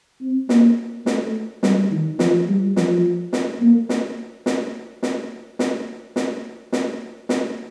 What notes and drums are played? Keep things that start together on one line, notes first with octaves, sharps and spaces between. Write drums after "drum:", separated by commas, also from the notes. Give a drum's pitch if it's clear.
C4
A#3, drum: snare
A3, drum: snare
G3, drum: snare
D#3
F3, drum: snare
G3
F3, drum: snare
drum: snare
A#3
drum: snare
drum: snare
drum: snare
drum: snare
drum: snare
drum: snare
drum: snare